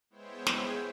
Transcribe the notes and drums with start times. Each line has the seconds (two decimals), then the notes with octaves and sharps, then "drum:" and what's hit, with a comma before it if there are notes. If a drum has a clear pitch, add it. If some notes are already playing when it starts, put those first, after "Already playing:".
0.10 G#3 B3 E4 C5 C#5 G5
0.47 drum: snare